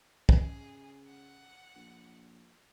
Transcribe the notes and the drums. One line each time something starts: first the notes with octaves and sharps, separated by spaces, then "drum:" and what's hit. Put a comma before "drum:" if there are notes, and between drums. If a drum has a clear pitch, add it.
C#3 G#4, drum: kick
F#5
A#1